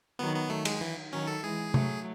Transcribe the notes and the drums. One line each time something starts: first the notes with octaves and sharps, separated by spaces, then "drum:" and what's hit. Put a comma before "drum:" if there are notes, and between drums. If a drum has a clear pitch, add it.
D#3 F#3 B3
B3
A3
G#3, drum: cymbal
E3
D#3 F#3 C#4
A4
E3 G#3 G#4
F#3 A3, drum: tom C3